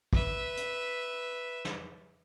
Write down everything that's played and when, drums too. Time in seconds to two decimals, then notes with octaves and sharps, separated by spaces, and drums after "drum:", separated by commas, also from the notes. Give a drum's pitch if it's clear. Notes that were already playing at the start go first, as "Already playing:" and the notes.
0.13 B4 E5, drum: kick
0.57 drum: hi-hat
1.65 drum: snare